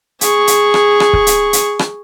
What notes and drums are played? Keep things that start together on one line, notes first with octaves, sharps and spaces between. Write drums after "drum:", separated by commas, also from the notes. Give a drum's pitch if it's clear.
G#4 C#6, drum: hi-hat
drum: hi-hat
drum: rim click
drum: rim click
drum: kick
drum: hi-hat
drum: hi-hat
drum: rim click